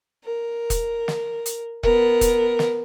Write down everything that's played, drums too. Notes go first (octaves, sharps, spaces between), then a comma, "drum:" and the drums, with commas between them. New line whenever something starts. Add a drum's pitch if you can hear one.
A#4
drum: kick E1, hi-hat
drum: snare
drum: hi-hat
B3 A#4, drum: kick E1
drum: kick E1, hi-hat
drum: snare